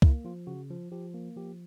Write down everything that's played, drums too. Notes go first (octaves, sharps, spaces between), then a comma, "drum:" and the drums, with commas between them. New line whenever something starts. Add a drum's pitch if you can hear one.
A#3 E4, drum: kick
F3 F4
C#3 F#4
F3
F3 G4
A#3
F3 G4